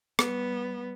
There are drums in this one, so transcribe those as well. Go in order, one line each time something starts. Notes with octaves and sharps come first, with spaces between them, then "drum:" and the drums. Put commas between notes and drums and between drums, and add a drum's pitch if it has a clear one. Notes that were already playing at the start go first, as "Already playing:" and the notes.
G3 B3, drum: rim click